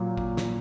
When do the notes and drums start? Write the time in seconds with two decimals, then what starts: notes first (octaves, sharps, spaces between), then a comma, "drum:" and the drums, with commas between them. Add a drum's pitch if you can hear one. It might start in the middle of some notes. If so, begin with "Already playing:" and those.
Already playing: A#2 F#3
0.17 drum: kick A1
0.37 drum: snare